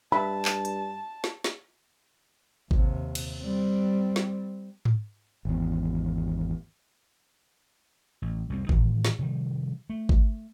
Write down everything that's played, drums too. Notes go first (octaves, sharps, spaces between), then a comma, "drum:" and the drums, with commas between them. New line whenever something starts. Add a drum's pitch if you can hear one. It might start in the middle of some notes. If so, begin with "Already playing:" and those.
G2 A5 B5
drum: clap
drum: hi-hat
drum: snare
drum: snare
D#2 C3, drum: kick G#1
drum: cymbal
G3 C4
drum: snare
drum: tom G#2
G#1 E2
A1
C2 F2 C4
A2 D#3 E3, drum: kick G#1
drum: snare
C3 D#3 F3 G3
A3
drum: kick G#1